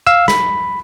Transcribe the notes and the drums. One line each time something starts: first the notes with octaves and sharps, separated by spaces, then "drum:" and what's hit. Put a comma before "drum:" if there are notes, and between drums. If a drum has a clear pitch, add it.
F5 E6
B5, drum: snare